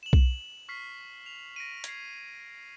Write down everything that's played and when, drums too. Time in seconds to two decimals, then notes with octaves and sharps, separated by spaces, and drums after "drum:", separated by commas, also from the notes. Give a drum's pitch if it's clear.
0.03 E7 F#7
0.13 drum: kick B1
0.69 C#6 F6 B6 C7
1.26 F7
1.56 A#6 D7 D#7
1.84 G#6 C7, drum: hi-hat